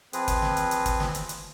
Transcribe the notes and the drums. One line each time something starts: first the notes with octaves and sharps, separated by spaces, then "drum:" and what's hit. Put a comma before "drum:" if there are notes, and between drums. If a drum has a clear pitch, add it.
F3 C4 G#4 B4, drum: hi-hat
drum: kick, hi-hat
drum: snare
drum: hi-hat
drum: hi-hat
drum: kick, hi-hat
drum: snare
drum: hi-hat
drum: hi-hat